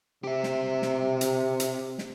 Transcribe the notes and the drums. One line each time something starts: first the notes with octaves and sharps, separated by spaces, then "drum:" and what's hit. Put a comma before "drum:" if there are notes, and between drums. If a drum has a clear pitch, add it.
C3 G4 E5
drum: snare
drum: snare
drum: hi-hat
drum: hi-hat
drum: snare